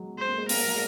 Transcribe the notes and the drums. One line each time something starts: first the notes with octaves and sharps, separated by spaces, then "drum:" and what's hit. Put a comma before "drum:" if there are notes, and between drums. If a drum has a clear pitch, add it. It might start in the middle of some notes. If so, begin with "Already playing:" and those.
Already playing: F#3 G#3
G#3 C5
A#3
G#3
A#3 A#4, drum: open hi-hat
G#3
F#3
G#3